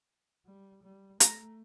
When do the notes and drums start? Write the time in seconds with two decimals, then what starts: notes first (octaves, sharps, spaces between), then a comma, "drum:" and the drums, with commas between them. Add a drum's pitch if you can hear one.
0.45 G3
0.83 G3
1.20 A3 A#5, drum: hi-hat